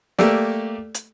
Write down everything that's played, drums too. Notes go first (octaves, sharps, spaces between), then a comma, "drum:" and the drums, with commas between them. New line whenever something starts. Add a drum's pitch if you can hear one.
A3 A#3 G4 A4 D5, drum: snare
drum: hi-hat